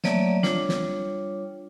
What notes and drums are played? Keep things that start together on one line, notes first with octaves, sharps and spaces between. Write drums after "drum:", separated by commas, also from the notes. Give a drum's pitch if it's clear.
F#3 A3 A#3 C#5 D5 E5, drum: snare
G3 D4 F4 C#5, drum: snare
drum: snare